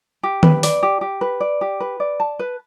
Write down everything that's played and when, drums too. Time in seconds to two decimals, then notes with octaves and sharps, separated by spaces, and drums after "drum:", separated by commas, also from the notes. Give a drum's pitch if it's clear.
0.23 G4
0.43 B4, drum: tom D#3
0.63 D5, drum: open hi-hat
0.83 G4
1.01 G4
1.21 B4
1.40 D5
1.61 G4
1.80 B4
2.00 D5
2.20 A5
2.39 B4